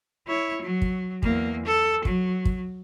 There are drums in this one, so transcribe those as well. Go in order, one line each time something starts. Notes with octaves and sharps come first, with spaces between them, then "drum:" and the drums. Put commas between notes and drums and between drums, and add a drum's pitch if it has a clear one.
E4 C#5
F#3
drum: kick
E2 A#3, drum: kick
A4
F#3, drum: kick
drum: kick